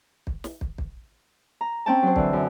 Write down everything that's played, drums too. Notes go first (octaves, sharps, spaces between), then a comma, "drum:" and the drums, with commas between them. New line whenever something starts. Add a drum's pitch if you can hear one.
drum: kick
drum: snare
drum: kick
drum: kick
A#5
C4 C#4 G5 A5
F#3 C5
D3 E3, drum: kick
F#2